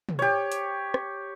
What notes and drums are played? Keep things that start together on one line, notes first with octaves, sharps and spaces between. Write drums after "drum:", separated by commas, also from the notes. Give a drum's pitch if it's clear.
drum: tom
G4 C#5
drum: hi-hat
drum: rim click